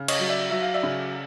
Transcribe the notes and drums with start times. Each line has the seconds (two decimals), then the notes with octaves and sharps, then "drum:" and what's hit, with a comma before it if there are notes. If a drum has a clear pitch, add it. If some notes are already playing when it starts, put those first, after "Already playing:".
Already playing: C#3
0.08 C#5 D#5, drum: cymbal
0.19 F#3
0.29 D5 E5
0.51 F#3 E5
0.62 F5
0.74 D5 E5
0.83 C#3